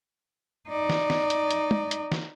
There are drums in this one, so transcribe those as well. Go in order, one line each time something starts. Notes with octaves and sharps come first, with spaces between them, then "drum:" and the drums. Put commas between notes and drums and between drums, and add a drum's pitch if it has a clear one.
D#4 D5
drum: snare
drum: snare
drum: hi-hat
drum: hi-hat
drum: tom
drum: hi-hat
drum: snare